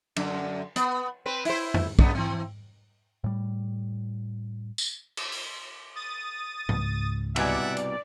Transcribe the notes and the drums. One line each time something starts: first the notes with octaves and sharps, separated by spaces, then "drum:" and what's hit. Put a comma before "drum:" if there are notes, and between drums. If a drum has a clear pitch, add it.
F#2 D3, drum: cymbal
B3, drum: hi-hat
C4 B4 C5
E4 C5, drum: open hi-hat
drum: tom F2
G2 C#3 B3, drum: kick
E3 C4
A2 G3
drum: tambourine
drum: cymbal
drum: open hi-hat
D#6 A6 D#7
C#2, drum: tom G#2
C2 B2 D5 E5 F#5 G#5, drum: cymbal
drum: hi-hat